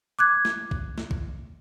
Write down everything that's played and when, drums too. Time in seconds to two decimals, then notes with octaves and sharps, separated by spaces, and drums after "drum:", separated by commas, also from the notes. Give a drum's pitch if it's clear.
0.19 D6 F#6 G#6
0.45 drum: snare
0.71 drum: kick
0.98 drum: snare
1.11 drum: kick